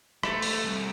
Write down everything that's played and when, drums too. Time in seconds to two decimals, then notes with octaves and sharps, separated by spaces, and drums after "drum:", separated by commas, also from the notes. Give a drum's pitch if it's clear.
0.23 A3, drum: rim click
0.42 drum: open hi-hat
0.65 C2